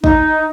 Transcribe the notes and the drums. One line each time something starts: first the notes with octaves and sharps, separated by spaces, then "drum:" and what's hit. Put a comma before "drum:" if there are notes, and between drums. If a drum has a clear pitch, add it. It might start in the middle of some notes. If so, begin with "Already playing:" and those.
D#4, drum: kick